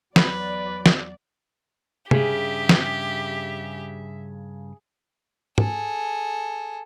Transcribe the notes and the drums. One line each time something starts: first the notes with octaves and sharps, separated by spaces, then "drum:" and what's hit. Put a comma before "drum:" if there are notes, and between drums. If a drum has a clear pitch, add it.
E2 F#3 B4 D5, drum: snare
drum: snare
G2 C#3 G4 G#4 E5, drum: tom C3
drum: snare
G#4 A4, drum: tom